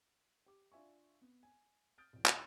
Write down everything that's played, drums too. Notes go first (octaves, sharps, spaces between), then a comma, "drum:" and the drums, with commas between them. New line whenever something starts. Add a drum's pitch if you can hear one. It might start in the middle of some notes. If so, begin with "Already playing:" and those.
G4 D6
D4 F4 E5 G#5 C#6
B3
G#5
D#6 F6 G6 A6 D7
B1 E2
drum: clap